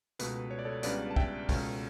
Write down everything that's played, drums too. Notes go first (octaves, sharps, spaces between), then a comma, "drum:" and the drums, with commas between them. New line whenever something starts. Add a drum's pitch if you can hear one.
C#2 B2 A3 B4, drum: hi-hat
C#5
D5
A4 C#5
C#2 C#3 G3 B3 D4 B4 D5, drum: hi-hat
A5
E5 G5, drum: kick
C#2 B2 A3 C#4, drum: kick, open hi-hat